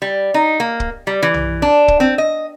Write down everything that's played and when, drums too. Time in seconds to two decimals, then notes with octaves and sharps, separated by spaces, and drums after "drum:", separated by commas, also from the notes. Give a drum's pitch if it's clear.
0.02 G3
0.34 D#4
0.60 A#3
0.80 drum: kick
1.07 G3
1.23 E3
1.34 drum: tom B1
1.62 D4
1.88 drum: kick
2.00 C4
2.18 D#5